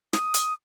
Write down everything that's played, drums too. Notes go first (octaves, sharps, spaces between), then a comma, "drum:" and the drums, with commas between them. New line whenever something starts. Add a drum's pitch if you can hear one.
D#6, drum: snare
drum: hi-hat